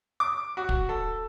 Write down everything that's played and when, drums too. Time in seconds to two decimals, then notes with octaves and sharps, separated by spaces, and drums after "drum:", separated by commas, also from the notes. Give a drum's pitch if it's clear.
0.20 D6
0.57 F#4
0.69 drum: kick
0.89 A4